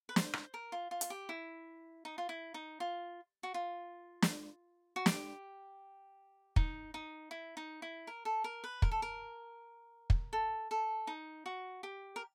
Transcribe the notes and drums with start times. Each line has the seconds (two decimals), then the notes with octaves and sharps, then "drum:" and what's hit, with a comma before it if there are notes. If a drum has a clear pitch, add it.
0.09 B4
0.16 C5, drum: snare
0.33 drum: rim click
0.54 A#4
0.72 F4
0.91 F4
1.01 drum: hi-hat
1.10 G4
1.29 E4
2.05 D#4
2.18 F4
2.29 E4
2.54 D#4
2.80 F4
3.43 F#4
3.54 F4
4.22 drum: snare
4.96 F#4
5.06 G4, drum: snare
6.56 D#4, drum: kick
6.94 D#4
7.31 E4
7.57 D#4
7.82 E4
8.07 A#4
8.25 A4
8.44 A#4
8.64 B4
8.82 A#4, drum: kick
8.91 A4
9.02 A#4
10.10 drum: kick
10.33 A4
10.71 A4
11.07 D#4
11.46 F#4
11.83 G4
12.16 A#4